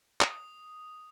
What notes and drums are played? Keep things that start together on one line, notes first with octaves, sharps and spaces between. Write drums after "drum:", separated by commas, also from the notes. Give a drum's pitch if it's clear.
D#6, drum: clap